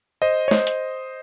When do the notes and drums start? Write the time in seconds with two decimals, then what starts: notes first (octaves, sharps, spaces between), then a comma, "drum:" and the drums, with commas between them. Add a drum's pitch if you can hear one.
0.22 C5 D#5
0.48 C#5
0.51 C5 D#5, drum: snare
0.67 drum: hi-hat